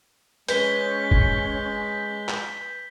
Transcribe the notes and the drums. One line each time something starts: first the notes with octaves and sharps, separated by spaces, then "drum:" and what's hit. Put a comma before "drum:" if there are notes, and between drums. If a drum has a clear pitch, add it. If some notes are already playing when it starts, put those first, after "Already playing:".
G#3 C#4 B4 G6 B6 G7, drum: hi-hat
drum: kick
drum: clap